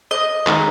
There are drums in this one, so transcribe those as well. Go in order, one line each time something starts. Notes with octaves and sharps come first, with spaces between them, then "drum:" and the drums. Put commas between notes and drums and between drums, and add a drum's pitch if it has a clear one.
D#5
D#3 G#3 D#4, drum: clap